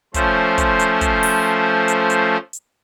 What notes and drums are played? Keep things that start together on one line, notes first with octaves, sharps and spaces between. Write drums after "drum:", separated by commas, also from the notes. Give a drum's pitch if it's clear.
F3 A3 C#4 C5, drum: kick, hi-hat
drum: kick, hi-hat
drum: hi-hat
drum: kick, hi-hat
drum: open hi-hat
drum: hi-hat
drum: hi-hat
drum: hi-hat